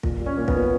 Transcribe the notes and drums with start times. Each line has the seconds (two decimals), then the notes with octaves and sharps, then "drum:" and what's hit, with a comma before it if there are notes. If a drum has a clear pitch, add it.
0.03 A#2, drum: kick
0.19 G3
0.26 C#4
0.37 A#2
0.48 B3, drum: kick
0.54 A#2